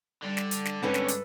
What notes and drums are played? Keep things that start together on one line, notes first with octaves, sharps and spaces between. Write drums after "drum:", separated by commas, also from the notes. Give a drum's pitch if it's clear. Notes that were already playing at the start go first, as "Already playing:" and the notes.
D3 G3 D4
drum: snare
drum: hi-hat
drum: snare
G2 G#3 C4 C#4 A4 B4 F#5
drum: snare
drum: hi-hat